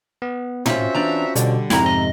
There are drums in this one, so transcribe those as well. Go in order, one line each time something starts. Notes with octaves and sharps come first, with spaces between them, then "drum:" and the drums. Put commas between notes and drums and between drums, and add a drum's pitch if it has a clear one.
B3
C4 C#4 F4 F#4 C5 E5, drum: tom
E3 D4 A#5
B2 D3 G3, drum: hi-hat
F2 G#2 C3 C4 E4 A#5, drum: snare
D#5